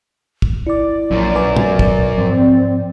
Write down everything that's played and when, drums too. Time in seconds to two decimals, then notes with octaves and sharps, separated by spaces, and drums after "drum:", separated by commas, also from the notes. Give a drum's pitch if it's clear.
0.42 drum: kick
0.67 E4 D5 D6
1.11 A#1 F#2
1.35 B1 B4 G#5 D6
1.57 drum: tom
1.79 drum: kick
2.18 G#2 F3 C4